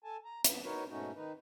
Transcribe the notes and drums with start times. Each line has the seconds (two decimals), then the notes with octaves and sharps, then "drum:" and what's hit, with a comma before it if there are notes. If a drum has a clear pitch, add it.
0.04 A4 G#5 A5
0.25 A#5
0.44 B3, drum: hi-hat
0.64 D#4 F#4 A#4 B4 C#5
0.88 G#2 B2 A3 C#4 D#4 F#4
1.15 D#3 D#4 B4